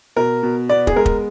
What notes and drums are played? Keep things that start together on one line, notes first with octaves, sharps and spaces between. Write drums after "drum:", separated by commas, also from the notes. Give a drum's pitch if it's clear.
B2 A#4
B2
B3 D5
G#4, drum: kick
G#3 A#4
drum: kick